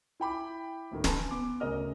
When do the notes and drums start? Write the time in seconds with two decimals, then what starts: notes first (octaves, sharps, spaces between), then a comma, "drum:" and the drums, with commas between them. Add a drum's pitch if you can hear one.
0.20 E4 G5 B5 D6
0.91 D2 A2 D#3
1.04 B4 G#5 A5 B5 C6, drum: snare
1.31 B3 D6
1.60 D2 C#3 A#4 D#5 F6